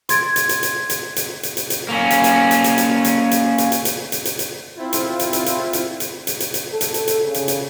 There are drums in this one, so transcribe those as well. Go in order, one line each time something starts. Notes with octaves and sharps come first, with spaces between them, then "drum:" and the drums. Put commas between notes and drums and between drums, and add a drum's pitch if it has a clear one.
C6 G#6 A6 D7, drum: hi-hat
drum: hi-hat
drum: hi-hat
drum: hi-hat
drum: hi-hat
drum: hi-hat
drum: hi-hat
drum: hi-hat
drum: hi-hat
A#3 C#4
drum: hi-hat
drum: hi-hat
drum: hi-hat
drum: hi-hat
drum: hi-hat
drum: hi-hat
drum: hi-hat
drum: hi-hat
drum: hi-hat
drum: hi-hat
drum: hi-hat
drum: hi-hat
drum: hi-hat
C4 E4 F4
drum: hi-hat
drum: hi-hat
drum: hi-hat
drum: hi-hat
drum: hi-hat
drum: hi-hat
drum: hi-hat
drum: hi-hat
drum: hi-hat
A4
drum: hi-hat
drum: hi-hat
drum: hi-hat
C#3
drum: hi-hat
drum: hi-hat